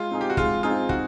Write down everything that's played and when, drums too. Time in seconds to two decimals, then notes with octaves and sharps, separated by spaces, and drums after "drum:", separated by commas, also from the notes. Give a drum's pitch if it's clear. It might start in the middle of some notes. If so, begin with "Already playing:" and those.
Already playing: G#3 F4
0.11 C4 D#4 G#4
0.21 G4
0.30 F#4
0.37 G#3 F4, drum: kick
0.63 C4 D#4 F4 G#4
0.89 F#4, drum: kick